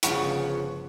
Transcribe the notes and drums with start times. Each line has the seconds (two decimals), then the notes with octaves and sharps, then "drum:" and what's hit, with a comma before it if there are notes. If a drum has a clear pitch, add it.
0.03 G1 C#3 F3 F5 F#5 C#6, drum: hi-hat